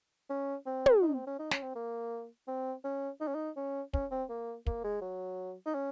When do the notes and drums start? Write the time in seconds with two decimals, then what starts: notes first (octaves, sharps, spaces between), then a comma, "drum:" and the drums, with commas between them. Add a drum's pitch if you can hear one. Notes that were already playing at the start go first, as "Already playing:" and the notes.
0.30 C#4
0.66 C4
0.86 drum: tom
1.02 D#4
1.14 C4
1.27 C#4
1.40 D#4
1.51 C#4, drum: snare
1.63 C4
1.76 A#3
2.48 C4
2.84 C#4
3.21 D#4
3.28 C#4
3.35 D#4
3.56 C#4
3.94 C#4, drum: kick
4.11 C4
4.30 A#3
4.66 A#3, drum: kick
4.84 G#3
5.02 F#3
5.66 D#4
5.74 C#4